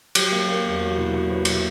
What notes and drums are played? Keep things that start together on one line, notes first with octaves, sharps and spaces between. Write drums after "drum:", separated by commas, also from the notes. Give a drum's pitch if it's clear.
F#3 G4, drum: cymbal
A#3
A#3
E2
F#3 F#4
B2 E4
F#3 F#4
B2 B4
B2 E5, drum: cymbal